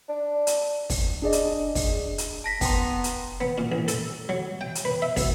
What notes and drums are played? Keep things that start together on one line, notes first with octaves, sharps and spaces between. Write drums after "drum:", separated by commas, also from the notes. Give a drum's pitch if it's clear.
D4
drum: hi-hat
drum: kick, open hi-hat
D4 G#4 D5 D#5
drum: hi-hat
drum: kick, open hi-hat
drum: hi-hat
A5 A#6 B6
B3 G5 A#5 C6, drum: kick, open hi-hat
drum: hi-hat
B3
A#2
A1
A4, drum: hi-hat
F#3
G5
drum: hi-hat
B4
E5
B1, drum: kick, open hi-hat